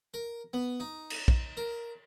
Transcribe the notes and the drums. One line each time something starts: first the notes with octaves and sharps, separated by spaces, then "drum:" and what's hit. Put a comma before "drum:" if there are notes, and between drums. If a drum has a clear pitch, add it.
A#4
B3
D#4
drum: cymbal
drum: kick
A#4